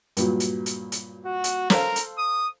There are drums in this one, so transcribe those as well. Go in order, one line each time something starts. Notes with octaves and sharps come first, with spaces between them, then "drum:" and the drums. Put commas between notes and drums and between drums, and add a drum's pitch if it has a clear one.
G2 A#2 F#3, drum: hi-hat
drum: hi-hat
drum: hi-hat
drum: hi-hat
F#4
drum: hi-hat
A4 A#4 C5 F5, drum: snare
drum: hi-hat
D#6